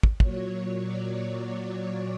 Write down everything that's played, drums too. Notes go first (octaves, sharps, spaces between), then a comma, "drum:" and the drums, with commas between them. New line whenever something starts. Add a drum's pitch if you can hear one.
drum: kick
A#2 F#3 C#5, drum: kick
D5